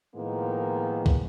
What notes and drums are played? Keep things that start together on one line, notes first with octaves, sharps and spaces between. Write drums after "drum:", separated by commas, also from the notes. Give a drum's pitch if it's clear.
A2 D#3 F3 G#3 A#3 B3
drum: kick C2